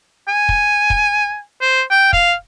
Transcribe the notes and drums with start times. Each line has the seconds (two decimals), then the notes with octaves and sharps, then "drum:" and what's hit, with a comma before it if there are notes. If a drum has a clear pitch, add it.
0.28 G#5
0.49 drum: kick
0.90 drum: kick
1.61 C5
1.91 G5
2.13 F5, drum: kick